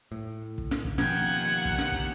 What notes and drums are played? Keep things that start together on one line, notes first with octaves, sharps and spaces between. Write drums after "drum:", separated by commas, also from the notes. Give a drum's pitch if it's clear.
A2
drum: kick
drum: snare
drum: kick
D#2 B2 F3 F#5 G5 G#6, drum: snare
drum: kick
drum: snare
drum: kick